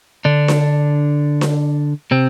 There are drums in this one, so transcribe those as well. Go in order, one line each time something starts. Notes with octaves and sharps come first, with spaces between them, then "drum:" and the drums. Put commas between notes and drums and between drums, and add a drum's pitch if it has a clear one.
D3 D4
drum: snare D4
drum: snare D4
C3 C4